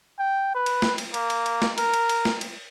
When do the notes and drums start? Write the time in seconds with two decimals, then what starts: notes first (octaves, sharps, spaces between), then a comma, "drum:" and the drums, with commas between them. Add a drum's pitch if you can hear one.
0.19 G5
0.55 B4
0.66 drum: cymbal
0.82 drum: snare
0.98 drum: cymbal
1.14 A#3, drum: cymbal
1.30 drum: cymbal
1.46 drum: cymbal
1.62 drum: snare
1.78 A#4, drum: cymbal
1.94 drum: cymbal
2.09 drum: cymbal
2.25 drum: snare
2.41 drum: cymbal